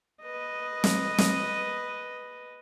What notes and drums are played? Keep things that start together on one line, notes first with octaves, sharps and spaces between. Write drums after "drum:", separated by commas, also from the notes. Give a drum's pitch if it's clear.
B4 D#5
drum: snare
drum: snare